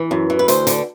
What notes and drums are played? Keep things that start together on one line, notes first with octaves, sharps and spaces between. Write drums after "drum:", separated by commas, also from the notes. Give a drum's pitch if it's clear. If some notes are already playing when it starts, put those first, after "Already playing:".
Already playing: E3
F#2
E3
B4
D2 C5, drum: hi-hat
D3, drum: hi-hat